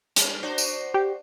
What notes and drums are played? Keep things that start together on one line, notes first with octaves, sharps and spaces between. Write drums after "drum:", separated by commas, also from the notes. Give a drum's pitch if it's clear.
G3, drum: hi-hat
D4 F#4 C5
drum: tambourine
G4